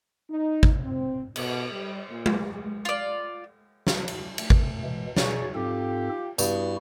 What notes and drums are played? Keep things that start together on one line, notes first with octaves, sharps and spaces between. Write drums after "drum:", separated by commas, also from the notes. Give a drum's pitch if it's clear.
D#4
drum: kick G#1
C4
B2, drum: cymbal
G3
A#2
drum: tom G#3
F4 D5
drum: snare
drum: cymbal
A3, drum: cymbal
drum: kick G#1
B2 E3 G#3
B2 G#4 C#5 D5, drum: snare
G#2 C4 F4 G4 A4
G2 B3 E4 F#4, drum: tambourine